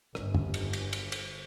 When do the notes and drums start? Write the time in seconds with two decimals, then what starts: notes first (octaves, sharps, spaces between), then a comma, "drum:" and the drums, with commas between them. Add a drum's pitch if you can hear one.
0.15 G1, drum: rim click
0.35 drum: tom
0.54 drum: cymbal
0.73 drum: cymbal
0.93 drum: cymbal
1.12 drum: cymbal